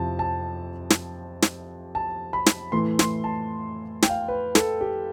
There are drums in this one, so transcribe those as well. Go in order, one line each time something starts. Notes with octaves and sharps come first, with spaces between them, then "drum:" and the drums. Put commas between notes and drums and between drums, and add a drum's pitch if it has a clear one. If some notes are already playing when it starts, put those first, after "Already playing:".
Already playing: F2 C3 F3 C4 E4 A5
A5
drum: snare
drum: snare
A5
B5
drum: snare
A2 E3 A3 C6
C6, drum: snare
A5
G5, drum: snare
F5
B4
A4, drum: snare
G4